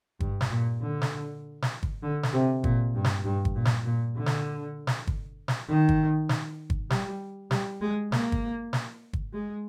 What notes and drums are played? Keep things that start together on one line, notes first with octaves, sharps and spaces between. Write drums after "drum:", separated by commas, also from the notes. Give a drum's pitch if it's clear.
G2, drum: kick
drum: snare
A#2
D3
drum: snare
drum: snare
drum: kick
D3
drum: snare
C3
A#2, drum: kick
G2
drum: snare
G2
drum: kick
A#2
drum: snare
A#2
D3
drum: snare
drum: snare
drum: kick
drum: snare
D#3
drum: kick
drum: snare
drum: kick
G3, drum: snare
G3, drum: snare
G#3
A#3, drum: snare
drum: kick
drum: snare
drum: kick
G#3